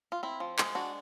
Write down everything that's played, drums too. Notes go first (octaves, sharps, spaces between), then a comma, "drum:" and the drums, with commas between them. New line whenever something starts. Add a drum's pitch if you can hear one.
F4
C4 E4
F3
G#3, drum: clap
D4 F#4